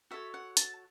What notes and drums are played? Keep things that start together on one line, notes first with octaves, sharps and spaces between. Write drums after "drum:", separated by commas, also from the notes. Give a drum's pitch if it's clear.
F#4 A4 C#5 E5
F#5
A5, drum: hi-hat